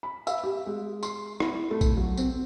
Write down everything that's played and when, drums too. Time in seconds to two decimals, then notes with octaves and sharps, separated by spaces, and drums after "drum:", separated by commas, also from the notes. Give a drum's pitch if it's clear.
0.03 B5
0.27 E5, drum: tambourine
0.44 G4
0.66 G#3
1.03 C6, drum: tambourine
1.40 E4, drum: rim click
1.71 A3
1.81 drum: kick A#1, tambourine
1.97 F#3
2.17 C4, drum: tambourine